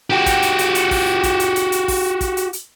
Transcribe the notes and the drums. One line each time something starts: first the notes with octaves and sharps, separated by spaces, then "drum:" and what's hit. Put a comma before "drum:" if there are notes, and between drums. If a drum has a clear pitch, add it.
F#4 G4
drum: kick, hi-hat
drum: hi-hat
drum: hi-hat
drum: hi-hat
drum: kick, open hi-hat
drum: kick, hi-hat
drum: hi-hat
drum: hi-hat
drum: hi-hat
drum: kick, open hi-hat
drum: kick, hi-hat
drum: hi-hat
drum: hi-hat